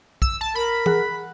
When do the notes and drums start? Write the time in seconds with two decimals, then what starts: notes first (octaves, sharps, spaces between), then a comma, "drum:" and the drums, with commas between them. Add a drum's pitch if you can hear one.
0.22 E6, drum: kick
0.41 A5
0.55 A#4 B5
0.86 G#4 F#5 F#6, drum: tom